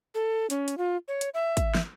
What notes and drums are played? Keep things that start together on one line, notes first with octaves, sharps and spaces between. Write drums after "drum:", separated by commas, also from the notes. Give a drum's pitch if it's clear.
A4
C#4, drum: hi-hat
drum: hi-hat
F4
C#5
drum: hi-hat
E5
drum: kick, hi-hat
drum: snare